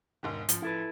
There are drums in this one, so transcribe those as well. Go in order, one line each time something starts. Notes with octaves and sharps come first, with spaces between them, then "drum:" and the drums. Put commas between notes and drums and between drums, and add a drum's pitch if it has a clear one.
E1 G#2 D#3
A1 F3, drum: hi-hat
E4 A4 B4